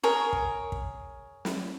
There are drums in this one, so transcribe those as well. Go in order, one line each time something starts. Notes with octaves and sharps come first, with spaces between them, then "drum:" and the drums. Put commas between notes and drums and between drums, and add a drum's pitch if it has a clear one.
G#4 A#4 C#5
drum: kick
drum: kick
drum: snare